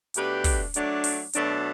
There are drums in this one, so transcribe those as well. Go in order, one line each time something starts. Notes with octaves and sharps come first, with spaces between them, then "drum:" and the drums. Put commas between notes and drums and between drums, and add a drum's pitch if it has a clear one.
B2 A3 D4 G4 B4, drum: hi-hat
drum: kick, open hi-hat
F#3 A3 D4, drum: hi-hat
drum: open hi-hat
B2 F#3 A3 D4, drum: hi-hat